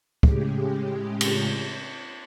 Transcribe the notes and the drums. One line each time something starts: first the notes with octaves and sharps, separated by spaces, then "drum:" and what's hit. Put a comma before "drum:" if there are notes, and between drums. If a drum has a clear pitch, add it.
A2 C#3 G#3 G4, drum: kick
drum: cymbal